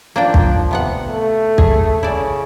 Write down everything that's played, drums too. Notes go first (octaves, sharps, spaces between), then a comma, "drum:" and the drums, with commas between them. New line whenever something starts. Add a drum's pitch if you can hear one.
F3 A#3 D4 G5
drum: kick
C3 B3 F#5
A3
G#4, drum: kick
C#3 E4 D5